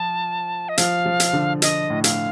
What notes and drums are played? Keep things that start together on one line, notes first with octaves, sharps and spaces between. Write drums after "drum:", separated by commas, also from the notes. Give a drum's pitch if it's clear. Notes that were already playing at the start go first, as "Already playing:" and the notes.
Already playing: F3 A5
D#5
F3 F5, drum: hi-hat
F3
drum: hi-hat
D3
D#5, drum: hi-hat
A2
F5, drum: hi-hat